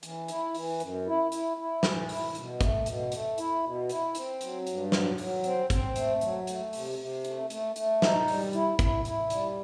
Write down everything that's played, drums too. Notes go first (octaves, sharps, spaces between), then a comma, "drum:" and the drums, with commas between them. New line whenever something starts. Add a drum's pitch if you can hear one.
E3, drum: hi-hat
E4, drum: hi-hat
E3, drum: open hi-hat
F#2, drum: hi-hat
E4
E4, drum: hi-hat
E4
E3, drum: snare
E4, drum: open hi-hat
B2, drum: hi-hat
A3, drum: kick, hi-hat
B2, drum: hi-hat
A3, drum: hi-hat
E4, drum: hi-hat
B2
E4, drum: hi-hat
C4, drum: hi-hat
F#3, drum: hi-hat
G2, drum: hi-hat
F#3, drum: snare
F#3, drum: open hi-hat
C4, drum: hi-hat
C4, drum: kick, hi-hat
A3, drum: hi-hat
F#3, drum: hi-hat
A3, drum: hi-hat
C3, drum: open hi-hat
C3
A3, drum: hi-hat
A3, drum: hi-hat
A3, drum: hi-hat
D#4, drum: snare
G3, drum: open hi-hat
E4, drum: hi-hat
E4, drum: kick, hi-hat
E4, drum: hi-hat
G3, drum: hi-hat